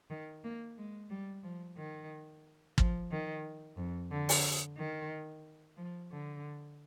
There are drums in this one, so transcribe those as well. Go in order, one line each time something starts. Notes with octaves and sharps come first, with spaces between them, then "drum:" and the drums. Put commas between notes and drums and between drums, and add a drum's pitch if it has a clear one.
D#3
A#3
G#3
G3
F3
D#3
F3, drum: kick
D#3
F2
D3
drum: open hi-hat
D#3
F3
D3